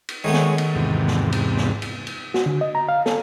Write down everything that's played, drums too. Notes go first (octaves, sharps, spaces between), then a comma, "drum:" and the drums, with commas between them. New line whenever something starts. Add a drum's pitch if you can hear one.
drum: cymbal
D#3 G#3 A3 B3 C#5
drum: snare
drum: cymbal
E2 G#2 C3
drum: snare
drum: cymbal
drum: snare
drum: cymbal
drum: cymbal
F#4, drum: snare
D3
D#5
A#5
F5
A4, drum: snare